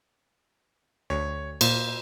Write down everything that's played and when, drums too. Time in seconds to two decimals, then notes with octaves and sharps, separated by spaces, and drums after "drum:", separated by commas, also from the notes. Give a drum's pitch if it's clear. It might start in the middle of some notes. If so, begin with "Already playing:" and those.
1.10 D2 C#5
1.61 A#2 C5, drum: cymbal